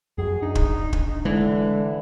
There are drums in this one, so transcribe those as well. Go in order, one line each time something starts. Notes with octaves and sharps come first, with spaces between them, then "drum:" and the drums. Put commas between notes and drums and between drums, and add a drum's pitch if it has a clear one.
F#2 F#3 G#4
D4 D#4
drum: kick
drum: kick
D3 E3 G#3